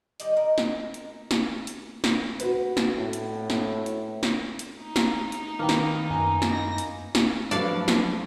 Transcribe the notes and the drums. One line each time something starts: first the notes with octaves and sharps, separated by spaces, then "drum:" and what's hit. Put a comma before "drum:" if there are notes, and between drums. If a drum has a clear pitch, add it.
D#3 G3 D5 D#5, drum: hi-hat
A#4
drum: snare
drum: hi-hat
drum: snare
drum: hi-hat
drum: snare
F#4 B4, drum: hi-hat
drum: snare
A2
drum: hi-hat
drum: snare
drum: hi-hat
drum: snare
drum: hi-hat
D#4
drum: snare
drum: hi-hat
D#3 A#3 A#4 B4 G5
drum: snare
F#2 G#5 A#5
drum: snare
D#4 A#6
drum: hi-hat
drum: snare
F3 F#3 A3 D4 B4 D5 F5, drum: hi-hat
drum: snare